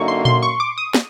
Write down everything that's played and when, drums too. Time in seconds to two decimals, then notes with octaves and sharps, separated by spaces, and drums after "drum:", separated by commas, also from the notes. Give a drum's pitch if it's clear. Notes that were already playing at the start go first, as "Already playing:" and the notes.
Already playing: F#2 D3 F#3 A#3 D#4 C#6
0.08 C6
0.25 C6, drum: tom A#2
0.42 C#6
0.60 D6
0.78 D#6
0.94 drum: snare